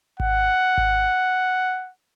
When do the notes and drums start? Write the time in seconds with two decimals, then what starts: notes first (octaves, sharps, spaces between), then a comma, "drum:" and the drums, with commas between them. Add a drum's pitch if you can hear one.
0.20 F#5, drum: kick G#1
0.78 drum: kick G#1